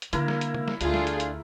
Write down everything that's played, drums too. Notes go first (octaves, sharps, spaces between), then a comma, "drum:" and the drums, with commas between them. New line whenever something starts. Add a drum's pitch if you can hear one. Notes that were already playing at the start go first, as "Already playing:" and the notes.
drum: hi-hat
D3 A#3 D4 E4 A#4, drum: hi-hat
drum: snare
drum: hi-hat
drum: tom
drum: snare
D2 A3 D4 F4 G#4, drum: hi-hat
drum: snare
drum: hi-hat
drum: hi-hat